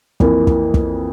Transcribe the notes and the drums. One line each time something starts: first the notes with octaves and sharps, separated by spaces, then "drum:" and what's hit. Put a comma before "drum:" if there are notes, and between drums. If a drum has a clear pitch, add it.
F2 E3 A#3 E4 A#4, drum: kick
drum: kick
drum: kick